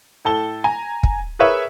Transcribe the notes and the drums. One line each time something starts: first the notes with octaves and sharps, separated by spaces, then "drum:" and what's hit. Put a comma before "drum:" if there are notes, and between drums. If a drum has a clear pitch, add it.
A2 A4 A5 G7
G#5 A#5
drum: kick
G#4 A#4 B4 C#5 E5